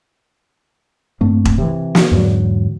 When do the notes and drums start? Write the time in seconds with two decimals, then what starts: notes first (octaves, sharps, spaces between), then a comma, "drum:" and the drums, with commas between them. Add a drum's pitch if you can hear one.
1.21 G2 A3 A#3 C4
1.45 drum: kick E1
1.58 C3 E3
1.95 drum: snare
2.12 E2 G#2 D3 F#3